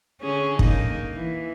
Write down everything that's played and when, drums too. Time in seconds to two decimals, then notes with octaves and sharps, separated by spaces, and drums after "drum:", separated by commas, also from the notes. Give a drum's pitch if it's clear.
0.22 D3 C#4 G#4
0.59 A#3 D#4, drum: kick
1.15 E3